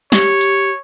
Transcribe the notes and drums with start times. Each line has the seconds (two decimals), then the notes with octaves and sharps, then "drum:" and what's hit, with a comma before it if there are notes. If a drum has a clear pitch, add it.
0.12 G4 C#5, drum: snare
0.41 drum: hi-hat